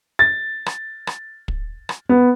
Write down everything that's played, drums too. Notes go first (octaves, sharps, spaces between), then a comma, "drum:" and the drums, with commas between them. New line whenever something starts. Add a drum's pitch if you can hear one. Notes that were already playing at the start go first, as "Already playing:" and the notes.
A6
drum: rim click
drum: rim click
drum: kick
drum: rim click
B3